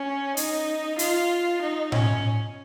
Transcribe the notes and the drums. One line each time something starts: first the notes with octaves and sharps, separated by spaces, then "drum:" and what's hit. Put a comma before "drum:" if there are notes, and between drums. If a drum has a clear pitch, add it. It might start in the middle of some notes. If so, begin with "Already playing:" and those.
Already playing: C#4
D#4, drum: hi-hat
F4, drum: hi-hat
D#4
C#4, drum: tom A2